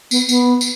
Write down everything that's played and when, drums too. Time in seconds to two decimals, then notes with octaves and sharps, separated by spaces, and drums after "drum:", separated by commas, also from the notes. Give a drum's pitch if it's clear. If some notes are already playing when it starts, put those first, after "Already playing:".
0.11 B3, drum: tambourine
0.29 B3, drum: tambourine
0.61 drum: tambourine